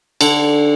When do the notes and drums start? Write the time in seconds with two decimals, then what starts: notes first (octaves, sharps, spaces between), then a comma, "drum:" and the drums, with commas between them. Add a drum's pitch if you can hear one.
0.21 D3, drum: cymbal